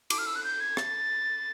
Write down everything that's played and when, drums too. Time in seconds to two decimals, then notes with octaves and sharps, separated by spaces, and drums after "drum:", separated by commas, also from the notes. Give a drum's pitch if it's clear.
0.10 D6, drum: cymbal
0.18 F6
0.26 E6
0.35 F#6
0.44 G6
0.60 G#6
0.77 A6, drum: rim click